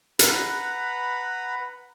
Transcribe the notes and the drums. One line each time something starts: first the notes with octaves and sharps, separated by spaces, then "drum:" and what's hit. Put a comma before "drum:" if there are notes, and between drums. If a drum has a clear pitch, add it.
B4 F#5 A#5 B5, drum: hi-hat